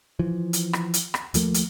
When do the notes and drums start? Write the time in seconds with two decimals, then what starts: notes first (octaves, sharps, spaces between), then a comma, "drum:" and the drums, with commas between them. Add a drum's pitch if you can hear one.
0.19 E3 F3
0.53 drum: hi-hat
0.73 drum: rim click
0.94 drum: hi-hat
1.14 drum: rim click
1.34 D#2 F3 A3 A#3, drum: hi-hat
1.54 drum: hi-hat